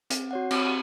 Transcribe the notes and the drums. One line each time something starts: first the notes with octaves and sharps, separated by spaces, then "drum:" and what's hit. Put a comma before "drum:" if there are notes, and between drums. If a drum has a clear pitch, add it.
C4, drum: hi-hat
F#4 C#5 F#5
C4, drum: cymbal